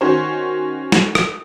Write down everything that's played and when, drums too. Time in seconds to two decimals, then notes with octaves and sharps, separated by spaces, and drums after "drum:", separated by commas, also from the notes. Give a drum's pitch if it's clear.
0.01 D#3 C#4 F#4 C5
0.92 drum: snare
1.15 drum: rim click